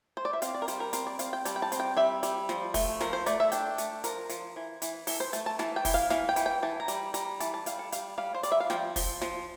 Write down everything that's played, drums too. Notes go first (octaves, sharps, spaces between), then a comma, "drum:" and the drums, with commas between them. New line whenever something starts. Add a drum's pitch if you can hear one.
C5
D5
E5
C4 F5, drum: hi-hat
D5
A#4
G3 C5, drum: hi-hat
A#4
C4 A#4, drum: hi-hat
D5
C4 F5, drum: hi-hat
G5
G3 A5, drum: hi-hat
G5
A5
C4, drum: hi-hat
G5
G3 E5
G3, drum: hi-hat
F3, drum: snare
A3, drum: kick, open hi-hat
F3 A#4, drum: snare
C5
A3 D5, drum: hi-hat
E5
D4 G5, drum: hi-hat
A3, drum: hi-hat
F3 A#4, drum: hi-hat
F3, drum: hi-hat
E3
E3, drum: hi-hat
E3 A4, drum: open hi-hat
C5
A3 A5, drum: hi-hat
A5
E3 A5, drum: snare
G5
E3, drum: kick, open hi-hat
F5
E3 F5, drum: snare
G5
E3, drum: hi-hat
G5
E3 A5
A#5
G3, drum: hi-hat
G3 A#5, drum: hi-hat
E3 A5, drum: hi-hat
A5
G3 F5, drum: hi-hat
A4
G3 F5, drum: hi-hat
G3 F5
C5
G3 D5, drum: hi-hat
E5
F5
F3 G5, drum: snare
F3, drum: kick, open hi-hat
F3, drum: snare